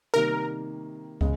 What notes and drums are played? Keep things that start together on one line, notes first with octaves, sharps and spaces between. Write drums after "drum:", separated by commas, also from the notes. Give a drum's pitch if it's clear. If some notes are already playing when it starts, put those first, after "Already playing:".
C3 D#3 G3 A#3 A#4
C#3 G#3, drum: kick